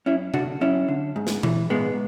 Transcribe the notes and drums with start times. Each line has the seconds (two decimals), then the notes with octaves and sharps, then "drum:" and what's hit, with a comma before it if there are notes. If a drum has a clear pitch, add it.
0.06 F#2 C#4 E4
0.34 D3 D4 F#4, drum: tom C3
0.61 F#2 C#4 E4
0.88 D3
1.16 G#2
1.27 drum: snare
1.43 E3, drum: tom A#2
1.70 G#2 G#3 B3